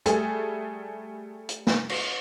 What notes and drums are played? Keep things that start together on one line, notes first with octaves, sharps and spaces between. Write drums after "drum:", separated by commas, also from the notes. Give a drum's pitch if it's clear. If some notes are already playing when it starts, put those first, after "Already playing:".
G3 A3 G#4 A4, drum: hi-hat
drum: hi-hat
drum: snare
drum: cymbal